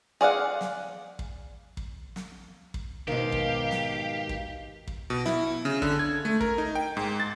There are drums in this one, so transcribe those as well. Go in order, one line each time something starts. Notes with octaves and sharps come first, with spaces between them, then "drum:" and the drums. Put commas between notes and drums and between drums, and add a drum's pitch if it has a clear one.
G#4 D5 F5 F#5
drum: snare
drum: kick
drum: kick
drum: snare
drum: kick
G#2 B2 D#3 G4 F5
drum: kick
drum: snare
drum: kick
drum: kick
B2
E4, drum: snare
C#3
D3, drum: kick
G#6
A3
A#4, drum: kick
D#4
G5
G#2
A6